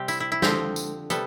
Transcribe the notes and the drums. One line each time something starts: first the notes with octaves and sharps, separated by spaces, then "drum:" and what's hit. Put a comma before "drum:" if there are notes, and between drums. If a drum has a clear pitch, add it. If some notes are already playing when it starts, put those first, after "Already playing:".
Already playing: C3 G3 C4 G4
E4, drum: tambourine
E4
E4
D3 F3 C4 G4, drum: snare
drum: tambourine
C3 G3 B3 A4, drum: tambourine